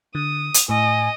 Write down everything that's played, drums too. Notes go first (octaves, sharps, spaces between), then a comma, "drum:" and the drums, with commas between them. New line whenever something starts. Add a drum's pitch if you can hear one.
D3 D#6
drum: hi-hat
A2 D#5 G#5